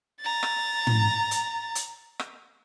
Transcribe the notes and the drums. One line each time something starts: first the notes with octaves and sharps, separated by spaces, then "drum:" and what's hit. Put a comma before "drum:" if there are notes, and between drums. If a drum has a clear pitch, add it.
A#5 A6
drum: rim click
drum: tom
drum: hi-hat
drum: hi-hat
drum: rim click